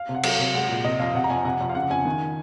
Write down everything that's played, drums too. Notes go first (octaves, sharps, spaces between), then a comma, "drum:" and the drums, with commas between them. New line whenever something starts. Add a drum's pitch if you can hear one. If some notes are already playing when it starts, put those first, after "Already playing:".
Already playing: F5
C3
F#5
F#3 F5, drum: cymbal
C3
G#3 F#5
A#2
C3 D#5
F2 F5
C3 F#5
A#5
F2 G#5
C3 F#5
F2
F5
C#3 F#5
F2 G#5
D#3